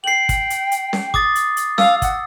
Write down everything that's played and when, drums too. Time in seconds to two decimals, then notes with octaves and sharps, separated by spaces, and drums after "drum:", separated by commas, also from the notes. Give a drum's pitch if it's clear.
0.04 G5 C7 F#7
0.29 drum: kick, hi-hat
0.50 drum: hi-hat
0.72 drum: hi-hat
0.93 drum: snare C#4
1.14 D6 D#6 A6, drum: kick
1.35 drum: hi-hat
1.57 drum: hi-hat
1.78 F5 E6, drum: snare C#4
2.02 F#5, drum: kick, hi-hat